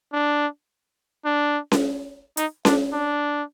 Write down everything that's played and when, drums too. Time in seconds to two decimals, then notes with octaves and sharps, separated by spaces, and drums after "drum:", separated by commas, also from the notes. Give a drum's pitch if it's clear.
0.13 D4
1.25 D4
1.72 drum: snare C#4
2.37 D#4, drum: hi-hat
2.65 D4, drum: snare C#4
2.93 D4